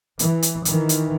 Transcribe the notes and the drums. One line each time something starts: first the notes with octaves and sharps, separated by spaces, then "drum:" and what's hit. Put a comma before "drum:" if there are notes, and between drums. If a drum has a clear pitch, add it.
E3, drum: hi-hat
drum: hi-hat
D#3 E3, drum: hi-hat
drum: hi-hat